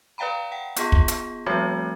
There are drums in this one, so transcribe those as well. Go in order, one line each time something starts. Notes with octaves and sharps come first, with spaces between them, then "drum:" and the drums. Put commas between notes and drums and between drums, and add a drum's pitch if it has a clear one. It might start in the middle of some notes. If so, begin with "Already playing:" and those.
B4 D5 F5 G5 A#5 B5
F#5 G5
B3 F4 G#4, drum: hi-hat
drum: kick
drum: hi-hat
F3 G3 A3 C4 F#4 C#5